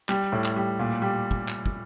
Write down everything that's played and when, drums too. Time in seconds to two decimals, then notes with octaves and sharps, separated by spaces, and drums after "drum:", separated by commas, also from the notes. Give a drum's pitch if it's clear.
0.09 G3, drum: clap
0.32 A2
0.44 drum: clap
0.56 G3
0.79 A#2
1.02 G3
1.31 drum: kick
1.48 drum: clap
1.66 drum: kick